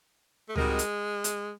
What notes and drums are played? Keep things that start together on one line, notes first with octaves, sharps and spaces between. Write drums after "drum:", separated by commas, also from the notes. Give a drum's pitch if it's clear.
A3
G3 G#3 C4 D#4 F#4 A#4, drum: tom C#2
drum: hi-hat
drum: hi-hat